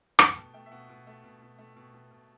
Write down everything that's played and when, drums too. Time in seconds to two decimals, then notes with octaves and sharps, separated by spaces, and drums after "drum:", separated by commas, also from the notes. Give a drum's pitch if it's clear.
0.19 A3 G5, drum: rim click
0.36 B2 A5
0.54 A3 G5
0.66 E5
0.71 B2 F#5
0.89 B2
1.07 A3
1.24 B2
1.42 B2
1.58 A3
1.76 B2
1.94 B2
2.11 B2